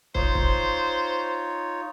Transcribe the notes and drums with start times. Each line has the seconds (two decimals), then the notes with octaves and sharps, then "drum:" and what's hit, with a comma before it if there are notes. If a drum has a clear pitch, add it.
0.15 D#4 F4 C5 C#5, drum: kick
0.35 drum: kick